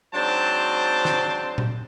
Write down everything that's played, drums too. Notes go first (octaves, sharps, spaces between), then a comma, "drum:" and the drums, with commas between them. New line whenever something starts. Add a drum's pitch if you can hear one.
G#2 F#3 C4 D4 C5 A5
drum: snare
drum: tom A#2